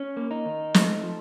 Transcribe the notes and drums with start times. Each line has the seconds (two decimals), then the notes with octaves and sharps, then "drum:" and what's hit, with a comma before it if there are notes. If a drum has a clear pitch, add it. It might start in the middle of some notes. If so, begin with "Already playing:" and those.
Already playing: C#4
0.17 A#3
0.31 D#4
0.46 D#3
0.74 A3, drum: snare
1.03 F3